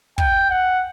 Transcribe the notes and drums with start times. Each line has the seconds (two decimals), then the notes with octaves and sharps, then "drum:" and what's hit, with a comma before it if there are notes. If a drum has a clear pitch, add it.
0.18 G5, drum: kick
0.50 F#5